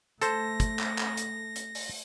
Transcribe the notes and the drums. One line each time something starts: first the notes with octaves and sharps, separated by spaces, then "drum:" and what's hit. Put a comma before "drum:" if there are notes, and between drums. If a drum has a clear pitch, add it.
A3 A4 C5 A#6, drum: hi-hat
drum: kick, hi-hat
drum: clap
drum: clap
drum: hi-hat
drum: hi-hat
drum: open hi-hat